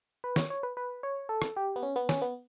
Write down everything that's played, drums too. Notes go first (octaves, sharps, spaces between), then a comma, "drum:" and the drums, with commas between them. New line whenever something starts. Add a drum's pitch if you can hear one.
B4
C#5, drum: snare
C#5
B4
B4
C#5
A4
drum: rim click
G4
B3
C#4
B3
C#4, drum: snare
B3